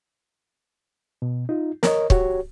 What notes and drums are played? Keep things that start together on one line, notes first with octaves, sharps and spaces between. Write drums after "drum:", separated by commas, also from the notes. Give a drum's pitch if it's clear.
B2
D#4 F4
A#4 C#5 D#5, drum: snare
F#4 G4 C#5, drum: kick